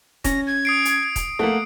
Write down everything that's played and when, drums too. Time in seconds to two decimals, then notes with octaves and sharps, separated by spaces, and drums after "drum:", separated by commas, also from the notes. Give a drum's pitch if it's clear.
0.24 C#4 A#6, drum: kick, hi-hat
0.47 G#6
0.65 D#6 C7 D7
0.85 drum: hi-hat
1.16 drum: kick, hi-hat
1.39 A3 A#3 F#5